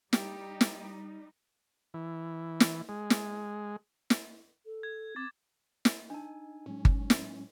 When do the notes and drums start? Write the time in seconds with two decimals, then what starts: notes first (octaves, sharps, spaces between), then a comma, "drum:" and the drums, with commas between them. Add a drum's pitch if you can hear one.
0.13 G3 D#4 G4, drum: snare
0.61 drum: snare
1.94 E3
2.60 drum: snare
2.89 G#3
3.10 drum: snare
4.10 drum: snare
4.66 A4
4.83 G#6
5.16 C4 D6 A6
5.85 drum: snare
6.10 D4 D#4 D#5 G#5 A5
6.66 A2 F#3 G#3 C#4
6.85 drum: kick G1
7.10 drum: snare